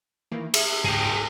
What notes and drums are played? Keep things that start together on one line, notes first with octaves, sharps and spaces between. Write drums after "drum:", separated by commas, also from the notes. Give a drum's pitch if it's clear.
D#3 E3 A#3
G#4 E5, drum: cymbal
D2 G#2 G#4 G5 A#6